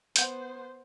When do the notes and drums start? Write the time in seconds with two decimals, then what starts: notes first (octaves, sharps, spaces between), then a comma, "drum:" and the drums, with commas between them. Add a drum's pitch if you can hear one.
0.16 B3 C5 F#5 G6 D7, drum: hi-hat